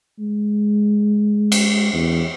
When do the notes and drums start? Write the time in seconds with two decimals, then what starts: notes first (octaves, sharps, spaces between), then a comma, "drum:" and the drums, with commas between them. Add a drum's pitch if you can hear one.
0.19 G#3
1.52 drum: cymbal
1.94 E2